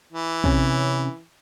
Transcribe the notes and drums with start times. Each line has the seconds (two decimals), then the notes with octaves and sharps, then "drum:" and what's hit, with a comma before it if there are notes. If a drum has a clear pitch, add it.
0.13 E3
0.44 C3 C#4, drum: kick